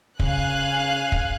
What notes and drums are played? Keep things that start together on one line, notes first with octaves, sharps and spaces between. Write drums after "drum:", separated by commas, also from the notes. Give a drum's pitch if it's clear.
C#3 F5 G#5 F#6, drum: kick
drum: kick